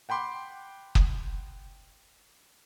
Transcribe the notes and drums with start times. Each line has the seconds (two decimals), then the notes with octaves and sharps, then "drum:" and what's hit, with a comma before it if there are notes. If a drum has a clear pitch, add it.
0.09 F#5 G5 B5 C6 D6
0.95 drum: kick